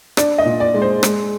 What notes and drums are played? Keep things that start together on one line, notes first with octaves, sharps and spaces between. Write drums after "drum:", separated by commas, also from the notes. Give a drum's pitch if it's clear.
D4 D5, drum: rim click
D#5
A#2
D5
G#3
C5
G#3, drum: rim click